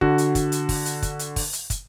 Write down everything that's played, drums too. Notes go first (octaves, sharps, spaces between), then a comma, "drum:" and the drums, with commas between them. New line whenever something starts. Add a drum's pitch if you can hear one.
D3 F#4, drum: kick
drum: hi-hat
drum: kick, hi-hat
drum: hi-hat
drum: kick, open hi-hat
drum: hi-hat
drum: kick, hi-hat
drum: hi-hat
drum: kick, open hi-hat
drum: hi-hat
drum: kick, hi-hat